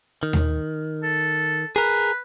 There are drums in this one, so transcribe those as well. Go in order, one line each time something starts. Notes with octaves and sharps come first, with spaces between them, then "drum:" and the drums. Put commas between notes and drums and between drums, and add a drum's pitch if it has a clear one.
D#3
drum: tom D#2
A4
G#4 A#4 B4